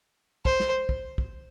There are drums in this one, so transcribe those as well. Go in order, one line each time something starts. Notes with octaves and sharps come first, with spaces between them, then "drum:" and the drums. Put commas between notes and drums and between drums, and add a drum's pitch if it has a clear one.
C5, drum: kick
drum: snare
drum: kick
drum: kick